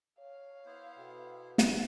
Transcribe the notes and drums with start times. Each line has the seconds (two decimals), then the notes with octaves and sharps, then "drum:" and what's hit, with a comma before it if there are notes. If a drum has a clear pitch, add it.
0.19 C#5 F5
0.66 B3 E4 C5
0.97 B2 A4 B4 G5
1.58 drum: snare